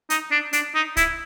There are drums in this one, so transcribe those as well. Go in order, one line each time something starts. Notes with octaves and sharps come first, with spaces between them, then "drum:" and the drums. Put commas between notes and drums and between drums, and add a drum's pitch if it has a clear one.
D#4, drum: hi-hat
D4
D4, drum: hi-hat
D#4
E4, drum: kick C#1, hi-hat